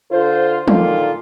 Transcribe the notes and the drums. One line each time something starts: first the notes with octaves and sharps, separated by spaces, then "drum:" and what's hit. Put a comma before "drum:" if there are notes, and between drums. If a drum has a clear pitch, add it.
D3 F4 A4 C5
D2 A#2 D#3 F4 A4 D5, drum: tom